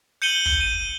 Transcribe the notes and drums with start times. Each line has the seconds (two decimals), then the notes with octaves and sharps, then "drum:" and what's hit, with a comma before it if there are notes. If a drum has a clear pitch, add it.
0.22 G6 C#7 D#7 F#7 G7
0.46 drum: kick
0.61 D#7